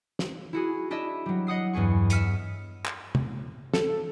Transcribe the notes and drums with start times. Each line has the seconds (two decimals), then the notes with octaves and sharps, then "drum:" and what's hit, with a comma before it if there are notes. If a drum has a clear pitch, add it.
0.19 drum: snare
0.53 E4 F#4 G#4
0.91 D4 E4 D#5 E5
1.26 F#3 G3
1.47 D#5 F#5 D#6 C7
1.73 E2 G2 B3 G#4 C#6
2.10 E5 F6 B6 C#7 D#7, drum: hi-hat
2.86 drum: clap
3.15 drum: tom
3.74 A4, drum: snare